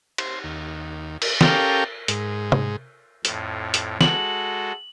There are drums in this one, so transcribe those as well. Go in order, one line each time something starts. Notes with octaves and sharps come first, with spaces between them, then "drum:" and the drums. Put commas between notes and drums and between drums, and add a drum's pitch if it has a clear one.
C5, drum: cymbal
D#2
drum: cymbal
C#4 G4 A4 A#4 F5 G5, drum: snare
G#2, drum: hi-hat
drum: tom
F2 A2, drum: hi-hat
drum: hi-hat
G#3 F#4 A4 F#7, drum: snare